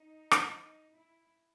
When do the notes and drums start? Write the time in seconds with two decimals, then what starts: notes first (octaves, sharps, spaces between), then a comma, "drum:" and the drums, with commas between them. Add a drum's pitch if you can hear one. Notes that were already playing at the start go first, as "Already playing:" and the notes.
Already playing: D#4
0.31 drum: rim click
0.94 E4